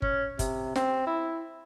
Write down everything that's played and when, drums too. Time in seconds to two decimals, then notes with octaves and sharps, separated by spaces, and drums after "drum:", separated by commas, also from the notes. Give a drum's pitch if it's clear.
0.02 C#4, drum: kick G1
0.39 C3, drum: kick G1, hi-hat
0.76 C4, drum: snare
1.07 E4